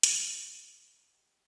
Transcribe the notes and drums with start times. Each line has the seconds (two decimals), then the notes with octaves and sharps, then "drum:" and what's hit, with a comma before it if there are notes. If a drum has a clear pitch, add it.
0.03 A#4 D#5 A5 C#6, drum: hi-hat
0.95 A#5 D6 E6
1.12 G4 D#5 F#5 G5